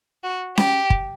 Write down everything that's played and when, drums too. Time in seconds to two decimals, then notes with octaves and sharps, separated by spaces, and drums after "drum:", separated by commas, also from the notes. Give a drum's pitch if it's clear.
0.24 F#4
0.57 G4, drum: snare C#4
0.90 drum: kick